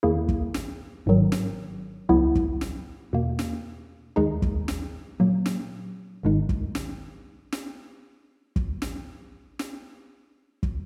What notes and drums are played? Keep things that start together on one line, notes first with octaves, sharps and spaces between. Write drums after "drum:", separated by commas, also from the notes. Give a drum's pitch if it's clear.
E2 D#3 A#3 E4 G#4
drum: kick
drum: snare
G#1 G#2 D#3 F#3
drum: snare
C#2 C#3 F#3 B3 E4
drum: kick
drum: snare
E2 B2 A#3
drum: snare
D#2 D#3 G#3 D#4 G#4
drum: kick
drum: snare
A#2 F#3 A#3
drum: snare
G#1 G#2 D#3 G#3 D#4
drum: kick
drum: snare
drum: snare
drum: kick
drum: snare
drum: snare
drum: kick